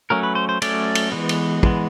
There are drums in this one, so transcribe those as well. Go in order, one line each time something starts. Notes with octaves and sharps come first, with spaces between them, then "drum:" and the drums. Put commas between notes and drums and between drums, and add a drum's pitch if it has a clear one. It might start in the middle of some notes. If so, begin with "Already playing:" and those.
F#3 A3 C#4 A#4
B4
C5
C5
F#3 A3 C#4 D5, drum: cymbal
drum: cymbal
E3 G#3 B3
drum: cymbal
E3 G#3 B3, drum: kick